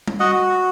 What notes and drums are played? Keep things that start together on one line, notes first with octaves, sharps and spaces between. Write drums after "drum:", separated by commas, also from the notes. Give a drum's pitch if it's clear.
drum: tom G3
F#4 D#5 F#5